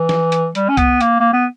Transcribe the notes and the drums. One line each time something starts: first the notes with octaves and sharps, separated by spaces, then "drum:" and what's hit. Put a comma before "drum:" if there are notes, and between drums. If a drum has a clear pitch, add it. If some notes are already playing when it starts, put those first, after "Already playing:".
Already playing: E3
drum: snare
drum: hi-hat
G3, drum: hi-hat
C#4
B3, drum: kick C2, hi-hat
A#3, drum: hi-hat
A#3
B3